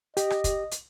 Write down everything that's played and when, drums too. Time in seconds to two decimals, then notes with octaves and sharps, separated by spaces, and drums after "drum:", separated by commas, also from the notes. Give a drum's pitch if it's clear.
0.17 G4 D#5, drum: hi-hat
0.30 drum: rim click
0.44 drum: kick, hi-hat
0.71 drum: hi-hat